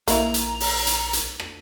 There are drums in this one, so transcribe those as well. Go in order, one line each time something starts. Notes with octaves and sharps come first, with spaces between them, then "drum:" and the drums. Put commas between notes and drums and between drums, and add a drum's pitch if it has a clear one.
A#1 A#3 E4 A#5, drum: hi-hat
drum: hi-hat
drum: open hi-hat
drum: hi-hat
drum: hi-hat
drum: rim click